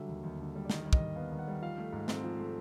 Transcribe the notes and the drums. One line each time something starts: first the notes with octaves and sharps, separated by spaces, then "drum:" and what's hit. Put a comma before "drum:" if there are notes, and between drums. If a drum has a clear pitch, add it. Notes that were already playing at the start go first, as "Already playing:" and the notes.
Already playing: D3 F#3 G3 E5
D#2
D#2
D3
G3
D5
D#3 D#5, drum: snare
G3
D#5, drum: kick
D#2
B3 F5
D#3
F#5
G3
F3 F5
A3
G#2
C4, drum: snare
F3
A3